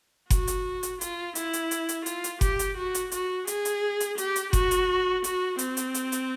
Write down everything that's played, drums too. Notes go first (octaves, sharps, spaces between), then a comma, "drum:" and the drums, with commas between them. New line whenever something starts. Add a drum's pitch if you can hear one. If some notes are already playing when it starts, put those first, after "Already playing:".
F#4, drum: kick F#1, hi-hat
drum: hi-hat
drum: hi-hat
F4, drum: hi-hat
E4, drum: hi-hat
drum: hi-hat
drum: hi-hat
drum: hi-hat
F4, drum: hi-hat
drum: hi-hat
G4, drum: kick F#1, hi-hat
drum: hi-hat
F#4
drum: hi-hat
F#4, drum: hi-hat
G#4, drum: hi-hat
drum: hi-hat
drum: hi-hat
G4, drum: hi-hat
drum: hi-hat
F#4, drum: kick F#1, hi-hat
drum: hi-hat
F#4, drum: hi-hat
C4, drum: hi-hat
drum: hi-hat
drum: hi-hat
drum: hi-hat